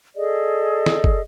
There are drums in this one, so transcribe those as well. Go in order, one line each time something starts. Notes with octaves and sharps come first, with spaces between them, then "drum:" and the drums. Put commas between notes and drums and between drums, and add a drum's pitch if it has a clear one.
G#4 A4 D5 D#5
drum: snare
drum: kick